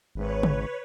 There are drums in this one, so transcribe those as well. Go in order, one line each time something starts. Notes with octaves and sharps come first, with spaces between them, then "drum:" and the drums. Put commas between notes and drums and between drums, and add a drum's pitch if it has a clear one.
G#1 B4 C#5
drum: tom C#3